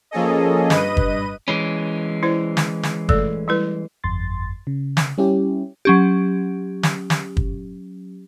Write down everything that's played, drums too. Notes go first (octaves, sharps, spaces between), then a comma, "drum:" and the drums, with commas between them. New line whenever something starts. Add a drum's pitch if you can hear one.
F3 A#3 C#4 G#4 A4 D#5
G2 B4 D#5 D#7, drum: snare
drum: kick
E3 G#3 C#4 B5
E4 C5 D5
drum: snare
drum: snare
A3 A4 D5, drum: kick
G3 E4 B4
G1 F2 C6 A6
C#3
drum: snare
G3 C#4 E4 G4
F#3 C#4 G4
drum: snare
drum: snare
drum: kick